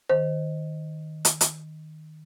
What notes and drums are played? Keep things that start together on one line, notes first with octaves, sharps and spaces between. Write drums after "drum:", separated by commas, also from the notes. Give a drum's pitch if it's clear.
D#3 C5
drum: hi-hat
drum: hi-hat